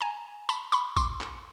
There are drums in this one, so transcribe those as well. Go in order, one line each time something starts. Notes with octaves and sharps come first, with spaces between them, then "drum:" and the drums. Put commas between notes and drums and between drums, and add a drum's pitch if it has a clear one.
G#5 A#5
A5 B5, drum: tambourine
B5 C#6, drum: tambourine
C6 D6, drum: kick A1, tambourine
drum: clap